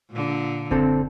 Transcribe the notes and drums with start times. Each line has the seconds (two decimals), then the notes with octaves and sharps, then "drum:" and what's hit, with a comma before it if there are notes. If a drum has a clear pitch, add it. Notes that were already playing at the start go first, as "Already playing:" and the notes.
0.11 A#2 D3
0.71 D3 C4 A4, drum: kick F#1